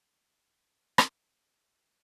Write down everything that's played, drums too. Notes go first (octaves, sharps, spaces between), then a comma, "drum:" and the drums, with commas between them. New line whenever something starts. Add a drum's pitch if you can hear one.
F#2 C3
drum: rim click